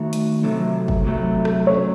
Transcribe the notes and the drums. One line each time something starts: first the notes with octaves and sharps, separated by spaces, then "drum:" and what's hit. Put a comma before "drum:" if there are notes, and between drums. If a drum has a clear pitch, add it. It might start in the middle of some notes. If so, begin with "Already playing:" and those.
Already playing: D#3 A3 D#4 F#4
drum: hi-hat
C3 F#3 A3
drum: kick
C3 F#3 A3
drum: rim click
C#3 F#3 A3 C#5